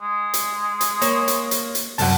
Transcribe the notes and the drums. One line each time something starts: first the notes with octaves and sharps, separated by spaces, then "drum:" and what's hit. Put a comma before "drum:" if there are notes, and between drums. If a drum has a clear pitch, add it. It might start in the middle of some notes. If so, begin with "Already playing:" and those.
G#3
drum: hi-hat
drum: hi-hat
A#3 C#5, drum: hi-hat
drum: hi-hat
drum: hi-hat
drum: hi-hat
C2 F#2 F#3 C4 F#5 A5, drum: open hi-hat